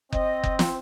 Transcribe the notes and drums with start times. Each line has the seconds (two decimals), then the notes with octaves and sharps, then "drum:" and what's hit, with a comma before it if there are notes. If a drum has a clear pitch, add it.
0.12 C4 D#5, drum: kick F#1
0.44 drum: kick F#1
0.59 drum: snare